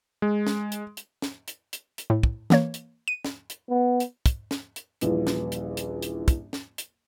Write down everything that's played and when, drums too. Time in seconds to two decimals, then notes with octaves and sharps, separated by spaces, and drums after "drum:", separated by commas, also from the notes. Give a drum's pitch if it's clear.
0.22 G#3
0.47 drum: snare
0.72 drum: hi-hat
0.97 drum: hi-hat
1.22 drum: snare
1.48 drum: hi-hat
1.73 drum: hi-hat
1.98 drum: hi-hat
2.10 A2
2.23 drum: kick
2.50 E3 A#3 C#5, drum: snare
2.74 drum: hi-hat
3.08 D#7
3.25 drum: snare
3.50 drum: hi-hat
3.70 B3
4.00 drum: hi-hat
4.26 drum: kick, hi-hat
4.51 drum: snare
4.76 drum: hi-hat
5.01 D#1 A#1 E3 F4, drum: hi-hat
5.27 drum: snare
5.52 drum: hi-hat
5.77 drum: hi-hat
6.02 drum: hi-hat
6.28 drum: kick, hi-hat
6.53 drum: snare
6.78 drum: hi-hat